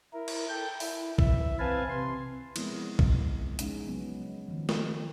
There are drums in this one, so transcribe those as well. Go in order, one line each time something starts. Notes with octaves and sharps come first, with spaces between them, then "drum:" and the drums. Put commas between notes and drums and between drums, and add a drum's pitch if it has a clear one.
E4 A#4
drum: cymbal
A4 G5 G6
E4, drum: open hi-hat
E3 E5, drum: kick B1
C4 B4 F5 G#5 A5
C3 C6
F3 G#3 B3 C4 E4, drum: cymbal
drum: kick B1
G#3 C#4 D#4, drum: hi-hat
C#3 F#3 B3
D#3 F3
drum: snare